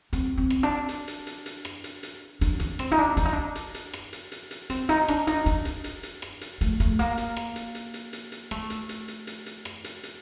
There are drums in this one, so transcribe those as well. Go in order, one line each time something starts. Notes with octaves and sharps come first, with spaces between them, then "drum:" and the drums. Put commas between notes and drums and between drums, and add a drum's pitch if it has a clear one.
C4, drum: hi-hat
C4
drum: rim click
D4
drum: hi-hat
drum: hi-hat
drum: hi-hat
drum: hi-hat
drum: rim click
drum: hi-hat
drum: hi-hat
D4, drum: hi-hat
D4, drum: hi-hat
C4, drum: rim click
D#4
D4
D4, drum: hi-hat
D#4
D4
drum: hi-hat
drum: hi-hat
drum: rim click
drum: hi-hat
drum: hi-hat
drum: hi-hat
C4, drum: hi-hat
D#4, drum: hi-hat
D4, drum: rim click
D#4, drum: hi-hat
D4, drum: hi-hat
drum: hi-hat
drum: hi-hat
drum: hi-hat
drum: rim click
drum: hi-hat
A3, drum: hi-hat
A3, drum: hi-hat
A#3, drum: hi-hat
drum: hi-hat
drum: rim click
drum: hi-hat
drum: hi-hat
drum: hi-hat
drum: hi-hat
drum: hi-hat
A3, drum: rim click
drum: hi-hat
drum: hi-hat
drum: hi-hat
drum: hi-hat
drum: hi-hat
drum: rim click
drum: hi-hat
drum: hi-hat